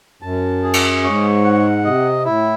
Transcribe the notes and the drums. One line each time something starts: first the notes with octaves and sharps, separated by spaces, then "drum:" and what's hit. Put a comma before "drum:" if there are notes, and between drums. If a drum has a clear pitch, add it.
F#2 A5
G#4
drum: cymbal
G#2 C#5
F#5
C3 D#5
A2 E4